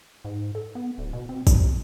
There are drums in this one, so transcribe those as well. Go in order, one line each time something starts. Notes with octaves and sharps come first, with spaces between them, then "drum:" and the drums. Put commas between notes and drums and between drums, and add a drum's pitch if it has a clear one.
G#2
A4
B3
D1
B2
C4
C2, drum: kick G#1, tambourine